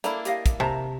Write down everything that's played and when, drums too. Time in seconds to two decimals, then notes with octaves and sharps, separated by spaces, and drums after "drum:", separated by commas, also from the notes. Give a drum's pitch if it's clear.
0.04 A#3 D4 E4 A4, drum: hi-hat
0.25 G4 D#5 F5, drum: hi-hat
0.46 drum: kick, hi-hat
0.60 C3 A5 A#5